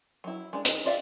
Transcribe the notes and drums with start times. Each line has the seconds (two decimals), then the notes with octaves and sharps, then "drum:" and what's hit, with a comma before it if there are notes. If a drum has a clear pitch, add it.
0.24 F#3 E4
0.53 G#3 D4
0.65 D#4, drum: hi-hat
0.85 F4 D5 E5 F5